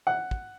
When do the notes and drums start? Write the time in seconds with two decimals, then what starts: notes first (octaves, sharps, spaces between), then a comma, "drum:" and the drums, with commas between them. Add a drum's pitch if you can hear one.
0.07 F#5
0.31 drum: kick